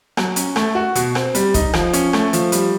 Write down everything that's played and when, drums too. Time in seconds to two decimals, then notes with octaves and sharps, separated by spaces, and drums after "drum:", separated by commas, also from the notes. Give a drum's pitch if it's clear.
0.17 F#3, drum: rim click
0.36 C#4, drum: hi-hat
0.56 A3, drum: rim click
0.75 F#4
0.95 B2, drum: hi-hat
1.15 C4, drum: rim click
1.35 G3, drum: hi-hat
1.54 D#4, drum: kick, hi-hat
1.73 F3, drum: rim click
1.93 C#4, drum: hi-hat
2.13 A3, drum: rim click
2.33 F3, drum: hi-hat
2.52 G3, drum: hi-hat